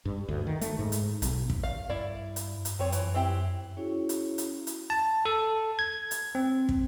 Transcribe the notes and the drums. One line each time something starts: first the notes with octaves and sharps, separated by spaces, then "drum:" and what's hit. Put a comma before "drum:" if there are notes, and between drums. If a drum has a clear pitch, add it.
G2
D2
D#3
A3, drum: hi-hat
G#2
drum: hi-hat
B1, drum: hi-hat
drum: kick
F5
G2 E4 D5
drum: hi-hat
drum: hi-hat
F#2 F3 C4 C#5
E3, drum: hi-hat
C4 E4 G4
C#4 E4 F#4 G#4 C#5
drum: hi-hat
drum: hi-hat
drum: hi-hat
A5
A4
G#6
drum: hi-hat
C4
drum: kick